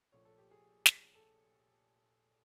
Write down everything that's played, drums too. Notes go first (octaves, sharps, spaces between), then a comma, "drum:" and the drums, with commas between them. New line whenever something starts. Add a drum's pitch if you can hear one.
A#1 A#2 F3 A3 C#5
A4
G4
G#4
drum: snare
A4